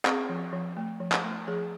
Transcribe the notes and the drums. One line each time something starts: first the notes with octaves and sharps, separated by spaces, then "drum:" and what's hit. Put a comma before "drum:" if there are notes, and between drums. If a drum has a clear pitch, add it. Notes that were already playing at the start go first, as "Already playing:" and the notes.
C4 G#4, drum: clap
F3
F3
A3
F3
drum: clap
A3
F3 G#4